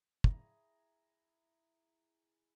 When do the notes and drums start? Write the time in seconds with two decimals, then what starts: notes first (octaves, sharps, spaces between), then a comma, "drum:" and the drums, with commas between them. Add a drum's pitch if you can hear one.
0.24 E4 G#4 A#5, drum: kick